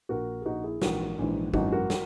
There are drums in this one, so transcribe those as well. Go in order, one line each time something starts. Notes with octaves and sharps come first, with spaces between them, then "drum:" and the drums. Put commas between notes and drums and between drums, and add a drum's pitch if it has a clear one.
A#1 A#2 F#4 A#4
G#4
A#1 A#2 D#4 F#4
E4 G#4
A#1 G#2 E3 F#4 A#4, drum: snare
A#1 G#2 E3
G#1 F#2 E3 D#4 F#4, drum: kick
F#4 A#4
drum: snare